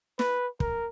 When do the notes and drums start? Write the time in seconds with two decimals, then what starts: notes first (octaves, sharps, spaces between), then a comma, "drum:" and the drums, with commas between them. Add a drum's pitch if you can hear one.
0.19 B4, drum: snare
0.60 A#4, drum: kick